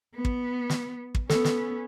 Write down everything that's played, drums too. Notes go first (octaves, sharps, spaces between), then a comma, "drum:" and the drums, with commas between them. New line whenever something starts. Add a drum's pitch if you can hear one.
B3
drum: kick
drum: snare
drum: kick
B3 C#4 A4, drum: snare
drum: snare